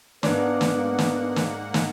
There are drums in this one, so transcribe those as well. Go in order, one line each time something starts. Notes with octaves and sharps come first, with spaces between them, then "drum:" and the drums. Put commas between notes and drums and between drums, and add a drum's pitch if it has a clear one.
G#2 A#3 B3 D4 B4 D5 F#5, drum: snare
drum: snare
drum: snare
drum: snare
drum: snare